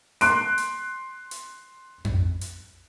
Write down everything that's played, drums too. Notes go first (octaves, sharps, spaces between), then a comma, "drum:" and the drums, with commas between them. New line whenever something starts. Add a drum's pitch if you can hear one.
C6 F#6 D7, drum: hi-hat
drum: hi-hat
drum: hi-hat
drum: tom F2
drum: hi-hat